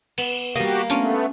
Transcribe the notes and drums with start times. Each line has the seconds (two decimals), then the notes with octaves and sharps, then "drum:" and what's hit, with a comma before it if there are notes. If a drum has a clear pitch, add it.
0.18 B3, drum: cymbal
0.56 G3 A#3 F#4 G4 D#5
0.90 A3 B3 C#4 D4 F4, drum: hi-hat